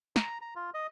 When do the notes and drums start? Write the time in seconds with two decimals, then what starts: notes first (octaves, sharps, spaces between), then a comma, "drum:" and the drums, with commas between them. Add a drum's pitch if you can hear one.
0.16 A#5, drum: snare
0.41 A#5
0.56 F4
0.74 D#5